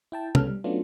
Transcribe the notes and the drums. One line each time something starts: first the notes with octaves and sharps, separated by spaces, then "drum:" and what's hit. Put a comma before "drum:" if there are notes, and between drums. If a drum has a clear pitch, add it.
E4 G5 A5
C2 C#3 B3 C#4 A4 F6, drum: tom C3
G3
F#3 A3 B3 C#4 D4 F4